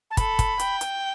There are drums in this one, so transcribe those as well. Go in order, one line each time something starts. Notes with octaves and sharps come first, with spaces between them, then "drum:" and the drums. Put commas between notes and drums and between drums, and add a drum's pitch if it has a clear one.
A5
A4 B5, drum: kick, hi-hat
drum: kick, hi-hat
G5, drum: hi-hat
drum: hi-hat